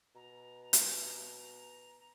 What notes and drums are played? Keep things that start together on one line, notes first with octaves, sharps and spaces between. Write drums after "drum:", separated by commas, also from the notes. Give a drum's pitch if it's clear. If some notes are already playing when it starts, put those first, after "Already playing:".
B2 A#5
drum: hi-hat